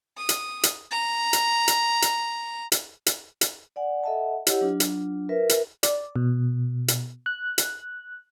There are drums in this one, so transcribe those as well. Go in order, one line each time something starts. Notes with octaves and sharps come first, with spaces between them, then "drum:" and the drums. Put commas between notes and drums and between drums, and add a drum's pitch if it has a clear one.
D#6
drum: hi-hat
drum: hi-hat
A#5
drum: hi-hat
drum: hi-hat
drum: hi-hat
drum: hi-hat
drum: hi-hat
drum: hi-hat
D5 F#5 G#5
A4 D#5 E5 F#5 A5
E4 G4 C#5 D#5 F#5, drum: hi-hat
F#3 D4 F4
drum: hi-hat
F4 A#4 B4 E5
drum: hi-hat
D5, drum: hi-hat
B2
drum: hi-hat
F#6
drum: hi-hat